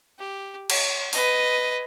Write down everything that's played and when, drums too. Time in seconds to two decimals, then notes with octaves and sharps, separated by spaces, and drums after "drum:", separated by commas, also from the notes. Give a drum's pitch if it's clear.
0.19 G4
0.70 C#5, drum: cymbal
1.13 B4 D#5, drum: open hi-hat